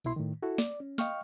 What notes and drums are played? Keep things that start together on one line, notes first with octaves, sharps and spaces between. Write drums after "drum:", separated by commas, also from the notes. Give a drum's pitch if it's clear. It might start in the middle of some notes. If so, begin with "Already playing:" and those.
C2 B2 E4 C6, drum: tambourine
A2 D#3
E4 F#4 A4
D5, drum: snare
C#4
D#5 F5 G5 C#6 F6, drum: snare